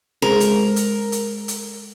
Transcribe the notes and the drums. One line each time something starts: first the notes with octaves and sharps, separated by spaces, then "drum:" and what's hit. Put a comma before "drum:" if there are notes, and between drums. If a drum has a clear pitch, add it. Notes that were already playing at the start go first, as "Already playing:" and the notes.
G#3 G#4 A#4 C5
drum: hi-hat
drum: hi-hat
drum: hi-hat
drum: hi-hat